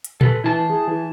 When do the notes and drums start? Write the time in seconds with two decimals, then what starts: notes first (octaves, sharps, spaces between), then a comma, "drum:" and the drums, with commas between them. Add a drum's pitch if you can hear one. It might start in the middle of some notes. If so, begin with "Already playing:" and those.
0.04 drum: hi-hat
0.21 A4 B4, drum: tom A#2
0.44 E3 E4 A5
0.70 G#4
0.88 E3